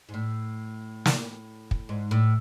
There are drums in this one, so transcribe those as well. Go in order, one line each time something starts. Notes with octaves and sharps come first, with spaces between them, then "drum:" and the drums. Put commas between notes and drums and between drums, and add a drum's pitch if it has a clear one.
G#2
A2
drum: snare
drum: kick
G#2
A2